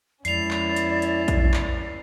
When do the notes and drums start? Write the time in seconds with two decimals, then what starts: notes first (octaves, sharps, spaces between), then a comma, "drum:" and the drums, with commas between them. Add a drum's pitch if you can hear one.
0.25 F2 G#3 B3 C#4 E4 D5 C7 F7, drum: hi-hat
0.51 drum: clap
0.76 drum: hi-hat
1.02 drum: hi-hat
1.28 drum: kick A#1, hi-hat
1.54 drum: clap